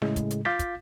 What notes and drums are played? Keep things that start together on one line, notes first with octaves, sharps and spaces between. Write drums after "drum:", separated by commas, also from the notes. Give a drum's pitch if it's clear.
A2 C#3 G#3, drum: snare
drum: kick, hi-hat
drum: hi-hat
F4 F5 D6 G6 A6 B6, drum: snare
drum: kick, hi-hat